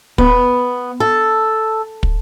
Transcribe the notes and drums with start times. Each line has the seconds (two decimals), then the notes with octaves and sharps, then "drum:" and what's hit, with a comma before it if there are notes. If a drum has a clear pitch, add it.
0.18 B3, drum: kick
1.00 A4
2.03 drum: kick